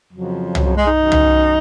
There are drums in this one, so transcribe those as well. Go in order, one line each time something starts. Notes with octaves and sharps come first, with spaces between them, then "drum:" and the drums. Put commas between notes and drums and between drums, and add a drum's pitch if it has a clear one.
F2 C#3 F3 F#3
F#3, drum: tom
F#3
G#3
D#4
F#2 D#3
drum: tom